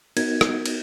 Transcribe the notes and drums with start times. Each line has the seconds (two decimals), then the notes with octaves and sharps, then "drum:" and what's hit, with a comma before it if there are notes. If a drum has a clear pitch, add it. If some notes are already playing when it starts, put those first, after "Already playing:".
0.17 B3 D#4 F#4 A#4 G#6, drum: cymbal
0.41 drum: rim click
0.66 drum: cymbal